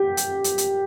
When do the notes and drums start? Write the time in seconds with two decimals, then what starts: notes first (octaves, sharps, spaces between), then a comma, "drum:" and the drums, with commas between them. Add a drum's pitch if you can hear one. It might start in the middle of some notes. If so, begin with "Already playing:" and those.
Already playing: G4
0.17 drum: hi-hat
0.44 drum: hi-hat
0.58 drum: hi-hat